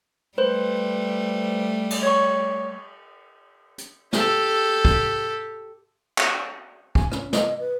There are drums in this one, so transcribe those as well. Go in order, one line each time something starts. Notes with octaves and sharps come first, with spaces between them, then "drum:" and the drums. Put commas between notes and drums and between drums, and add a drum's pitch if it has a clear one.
G3 A3 B4 C5
drum: cymbal
C#5 C#6
drum: hi-hat
G4 A4, drum: snare
drum: kick
drum: clap
G#5, drum: kick
C#4, drum: rim click
D#5, drum: snare
B4